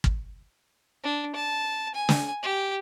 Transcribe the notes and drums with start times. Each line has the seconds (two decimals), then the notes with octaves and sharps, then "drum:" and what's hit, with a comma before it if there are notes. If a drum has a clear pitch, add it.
0.04 drum: kick
1.04 D4
1.36 A5
1.95 G#5
2.09 drum: snare
2.43 G4